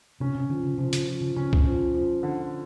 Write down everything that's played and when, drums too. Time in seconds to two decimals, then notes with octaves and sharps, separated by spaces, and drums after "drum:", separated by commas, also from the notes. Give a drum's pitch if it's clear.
0.20 C3 C#4
0.35 C3
0.50 D3 F3
0.63 C#3
0.78 C3 F3
0.93 C#3, drum: hi-hat
1.08 F3
1.21 C#3
1.36 C#3 C#4
1.53 drum: kick
1.65 F3
1.94 F3
2.23 D3